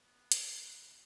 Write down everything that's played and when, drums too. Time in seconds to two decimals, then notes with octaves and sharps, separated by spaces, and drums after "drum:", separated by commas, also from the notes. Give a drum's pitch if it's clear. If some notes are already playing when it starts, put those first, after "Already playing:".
0.01 B3
0.32 drum: hi-hat